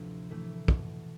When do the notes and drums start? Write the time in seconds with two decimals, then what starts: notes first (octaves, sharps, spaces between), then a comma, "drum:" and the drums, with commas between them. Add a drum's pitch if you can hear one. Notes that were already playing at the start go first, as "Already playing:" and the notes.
Already playing: A1 D2 C3 F3
0.30 A2 E3 A3
0.68 B2, drum: kick